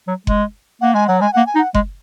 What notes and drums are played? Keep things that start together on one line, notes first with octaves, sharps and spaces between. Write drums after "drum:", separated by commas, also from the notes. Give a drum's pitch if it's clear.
F#3
G#3, drum: kick F#1
A#3 F#5
G#3 G#5
F#3 F#5
G#3 G#5
A#3 F#5
G#5
D#4
F#5
G#3, drum: kick F#1